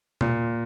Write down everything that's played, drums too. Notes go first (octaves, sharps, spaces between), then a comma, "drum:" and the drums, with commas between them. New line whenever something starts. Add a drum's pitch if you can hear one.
A#2, drum: tom B2